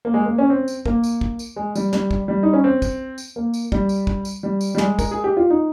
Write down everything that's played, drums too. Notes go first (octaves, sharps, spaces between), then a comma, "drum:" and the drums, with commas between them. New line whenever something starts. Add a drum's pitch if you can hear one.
A#3
G#3
A#3
C#4
C4
drum: tambourine
A#3, drum: kick
drum: tambourine
drum: kick
drum: tambourine
G#3
G3, drum: tambourine
G3, drum: snare
drum: kick
G3
D#4
C#4
C4
drum: kick, tambourine
drum: tambourine
A#3
drum: tambourine
G3, drum: kick
drum: tambourine
drum: kick
drum: tambourine
G3
drum: tambourine
G3
G#3, drum: snare
A#4, drum: kick, tambourine
G#4
G4
F4
D#4